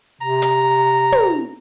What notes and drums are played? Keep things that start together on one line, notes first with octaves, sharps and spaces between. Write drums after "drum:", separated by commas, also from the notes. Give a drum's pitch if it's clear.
C3 A#5
drum: hi-hat
drum: tom